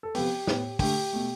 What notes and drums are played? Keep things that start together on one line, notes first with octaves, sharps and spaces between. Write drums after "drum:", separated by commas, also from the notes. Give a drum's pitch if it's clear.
A4
C3 F3 B3 G4, drum: open hi-hat
A2 G3 B3, drum: snare
D3 A3 G4, drum: kick, open hi-hat
B2 A3